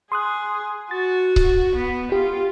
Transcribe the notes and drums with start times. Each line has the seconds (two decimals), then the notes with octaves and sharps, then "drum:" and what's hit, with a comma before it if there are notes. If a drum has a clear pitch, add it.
0.12 G#4 C6 D#6 F#6
0.91 F#4 A6
1.36 drum: kick C#1
1.76 B3
2.12 F4 G4